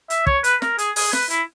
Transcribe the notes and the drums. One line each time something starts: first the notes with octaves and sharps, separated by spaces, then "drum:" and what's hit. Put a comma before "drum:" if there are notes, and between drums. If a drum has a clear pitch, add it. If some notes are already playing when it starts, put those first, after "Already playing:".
E5, drum: hi-hat
C#5, drum: kick
B4, drum: hi-hat
A#4, drum: snare
G#4, drum: hi-hat
G#4, drum: open hi-hat
B4, drum: snare
E4, drum: hi-hat